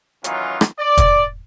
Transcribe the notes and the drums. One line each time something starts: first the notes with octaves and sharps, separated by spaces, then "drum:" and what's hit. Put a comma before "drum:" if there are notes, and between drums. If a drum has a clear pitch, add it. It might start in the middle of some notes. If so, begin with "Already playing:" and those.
D#3 E3 F#3 C#4 D#4 F4, drum: hi-hat
drum: rim click
D5
drum: kick, hi-hat